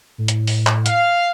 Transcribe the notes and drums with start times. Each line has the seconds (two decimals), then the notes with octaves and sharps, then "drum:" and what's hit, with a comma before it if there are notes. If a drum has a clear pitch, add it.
0.18 A2
0.28 drum: hi-hat
0.47 drum: open hi-hat
0.67 drum: clap
0.86 F5, drum: hi-hat